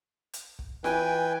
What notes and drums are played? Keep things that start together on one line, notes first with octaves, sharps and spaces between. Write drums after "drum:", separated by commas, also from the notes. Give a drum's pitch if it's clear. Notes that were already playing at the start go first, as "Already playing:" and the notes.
drum: hi-hat
drum: kick
E3 B4 G5 G#5, drum: snare F4